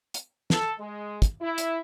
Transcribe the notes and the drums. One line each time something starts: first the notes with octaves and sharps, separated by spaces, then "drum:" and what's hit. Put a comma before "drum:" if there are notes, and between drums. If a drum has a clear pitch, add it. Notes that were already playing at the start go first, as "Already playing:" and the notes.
drum: hi-hat
A4, drum: snare
G#3
drum: kick, hi-hat
E4
drum: hi-hat